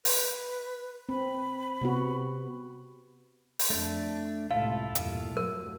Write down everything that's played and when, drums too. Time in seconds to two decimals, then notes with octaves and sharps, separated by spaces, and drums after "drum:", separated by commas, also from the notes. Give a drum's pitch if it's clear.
0.05 B4, drum: open hi-hat
1.09 C4 B5
1.81 C3 B3 F#4
3.59 drum: open hi-hat
3.70 F2 A3 D4
4.51 C#2 A2 C3 E4 F4 A4 F5
4.95 E2 G2 A#2, drum: hi-hat
5.37 G2 F#3 A3 A#4